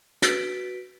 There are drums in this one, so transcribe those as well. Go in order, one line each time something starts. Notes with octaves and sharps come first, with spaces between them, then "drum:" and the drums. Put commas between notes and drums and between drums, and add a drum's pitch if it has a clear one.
F#4 B4 B6 D7, drum: hi-hat